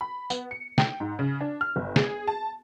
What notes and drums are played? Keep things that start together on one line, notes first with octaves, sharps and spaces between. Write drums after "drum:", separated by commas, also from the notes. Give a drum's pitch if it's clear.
B5
B3, drum: tambourine
C#7
G5, drum: snare
G#2
C#3
D4
F6
G1
G#4, drum: snare
A5